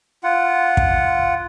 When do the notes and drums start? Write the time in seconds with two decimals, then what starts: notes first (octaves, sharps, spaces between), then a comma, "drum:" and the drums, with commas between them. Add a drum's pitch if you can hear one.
0.24 F4 F#5
0.77 drum: kick